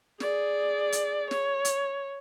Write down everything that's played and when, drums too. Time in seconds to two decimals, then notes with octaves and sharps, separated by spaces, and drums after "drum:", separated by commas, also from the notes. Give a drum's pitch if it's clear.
0.20 G#4 D5, drum: snare
0.92 drum: hi-hat
1.31 C#5, drum: snare
1.65 drum: hi-hat